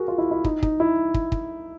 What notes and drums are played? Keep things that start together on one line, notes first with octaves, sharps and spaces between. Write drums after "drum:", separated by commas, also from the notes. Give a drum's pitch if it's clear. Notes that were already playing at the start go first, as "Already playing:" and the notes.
Already playing: F#4 G#4 A#4
F4
E4
E4
D#4, drum: kick
D#4, drum: kick
E4
drum: kick
drum: kick